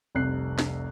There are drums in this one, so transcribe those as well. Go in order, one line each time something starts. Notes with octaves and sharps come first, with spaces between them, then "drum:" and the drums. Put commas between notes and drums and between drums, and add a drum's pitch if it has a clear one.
F1 C2 F#6 C7
drum: snare